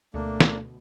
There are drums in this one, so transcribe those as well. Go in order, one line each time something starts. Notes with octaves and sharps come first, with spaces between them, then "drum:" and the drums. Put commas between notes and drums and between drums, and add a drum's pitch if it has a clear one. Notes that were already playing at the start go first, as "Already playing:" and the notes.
D2 B2 A3 A#3 D4
drum: snare